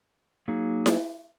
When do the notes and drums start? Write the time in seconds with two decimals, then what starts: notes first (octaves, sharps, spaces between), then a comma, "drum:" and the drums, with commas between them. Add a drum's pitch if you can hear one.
0.48 F#3 A#3 D#4 G#4
0.86 drum: snare E4